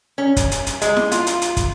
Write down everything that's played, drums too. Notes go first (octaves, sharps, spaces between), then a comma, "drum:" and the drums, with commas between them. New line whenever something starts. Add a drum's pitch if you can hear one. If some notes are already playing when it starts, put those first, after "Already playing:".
C#4
drum: kick, hi-hat
drum: hi-hat
drum: hi-hat
G#3, drum: hi-hat
drum: snare E4
F4, drum: hi-hat
drum: hi-hat
drum: hi-hat
drum: kick, hi-hat